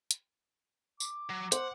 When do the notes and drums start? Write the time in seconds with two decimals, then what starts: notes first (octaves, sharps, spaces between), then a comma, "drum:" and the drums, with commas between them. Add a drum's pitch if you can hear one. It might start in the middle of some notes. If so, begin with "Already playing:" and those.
0.11 drum: hi-hat
1.00 D6, drum: tambourine
1.30 F#3
1.52 C5 F#5, drum: hi-hat